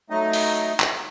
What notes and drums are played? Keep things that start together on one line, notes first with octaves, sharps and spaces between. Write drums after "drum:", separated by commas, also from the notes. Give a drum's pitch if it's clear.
F#3 A3 D#4 D#5
drum: open hi-hat
drum: clap